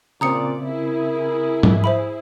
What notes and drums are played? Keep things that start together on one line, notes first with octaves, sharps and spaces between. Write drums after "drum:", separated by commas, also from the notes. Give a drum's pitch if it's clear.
A#2 C#3 C4 D5 A#5 D#6 C#7
E4 G#4 A#4
drum: tom G#2
C5 E5 B5